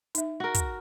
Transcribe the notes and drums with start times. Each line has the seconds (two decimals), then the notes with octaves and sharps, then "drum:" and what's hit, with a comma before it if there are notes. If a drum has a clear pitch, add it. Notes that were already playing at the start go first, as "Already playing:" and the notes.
0.15 D#4 E5, drum: hi-hat
0.40 F#4 A#4
0.54 drum: kick, hi-hat